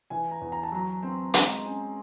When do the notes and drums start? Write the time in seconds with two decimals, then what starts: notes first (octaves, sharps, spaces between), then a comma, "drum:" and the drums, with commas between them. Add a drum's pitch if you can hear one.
0.10 E3 G#5
0.31 A#5
0.41 E2
0.52 A#5
0.63 A5
0.72 F#3 A#5
1.03 C4
1.34 G#3, drum: hi-hat
1.64 C#4